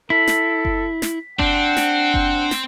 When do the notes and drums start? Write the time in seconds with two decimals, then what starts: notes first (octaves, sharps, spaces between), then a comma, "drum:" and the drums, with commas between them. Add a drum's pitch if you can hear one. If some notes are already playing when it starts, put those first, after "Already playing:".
0.10 E4 A4 B6
0.27 drum: snare
0.65 drum: kick F#1
1.02 drum: snare
1.39 C4 D4 F#5, drum: kick F#1
1.77 drum: snare
2.14 drum: kick F#1
2.51 drum: snare